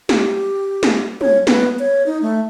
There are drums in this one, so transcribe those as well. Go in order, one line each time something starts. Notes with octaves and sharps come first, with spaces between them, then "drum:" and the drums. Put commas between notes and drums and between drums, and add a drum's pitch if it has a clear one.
G4, drum: snare
drum: snare
C#5, drum: tom
B3, drum: snare
C#5
D#4
A3